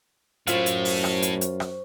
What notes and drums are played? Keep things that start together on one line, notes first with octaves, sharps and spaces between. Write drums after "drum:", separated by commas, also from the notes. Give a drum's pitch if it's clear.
F#2 A2 F4 C5 F5 C#6, drum: hi-hat
drum: hi-hat
drum: open hi-hat
drum: rim click
drum: hi-hat
drum: hi-hat
drum: rim click